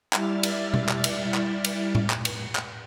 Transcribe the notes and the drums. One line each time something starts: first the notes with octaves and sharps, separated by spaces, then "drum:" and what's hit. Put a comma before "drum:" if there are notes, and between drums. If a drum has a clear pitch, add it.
G3 E4 D5 E5 F6 A6, drum: clap
drum: cymbal
drum: tom B2
drum: clap
drum: cymbal
drum: clap
drum: cymbal
drum: tom A2
drum: clap
drum: cymbal
drum: clap